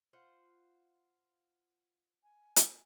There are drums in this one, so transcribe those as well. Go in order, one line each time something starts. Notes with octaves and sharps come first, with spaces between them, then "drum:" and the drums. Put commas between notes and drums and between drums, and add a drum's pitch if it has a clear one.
F4 C5 F#5
G#5
drum: hi-hat